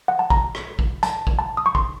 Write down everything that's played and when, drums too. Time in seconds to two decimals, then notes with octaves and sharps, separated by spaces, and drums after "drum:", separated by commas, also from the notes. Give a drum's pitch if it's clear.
0.08 F#5
0.19 A5
0.30 A#5, drum: kick
0.55 drum: rim click
0.79 drum: kick
1.03 A5, drum: hi-hat
1.27 drum: kick
1.39 A5
1.57 D#6
1.66 C#6
1.75 C6, drum: kick